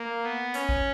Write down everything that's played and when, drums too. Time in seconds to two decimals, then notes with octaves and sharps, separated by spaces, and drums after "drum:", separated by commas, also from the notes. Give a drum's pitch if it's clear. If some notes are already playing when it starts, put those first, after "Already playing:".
Already playing: A#3
0.23 B3
0.54 C#4, drum: hi-hat
0.69 drum: kick A1